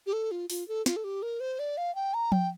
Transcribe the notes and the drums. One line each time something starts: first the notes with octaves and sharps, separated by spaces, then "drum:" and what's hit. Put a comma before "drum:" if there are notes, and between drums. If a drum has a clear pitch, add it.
G4
A4
F4
F4, drum: open hi-hat
A4
F4, drum: snare
A4
G4
A#4
C5
D5
F5
G5
A#5
G5, drum: tom F3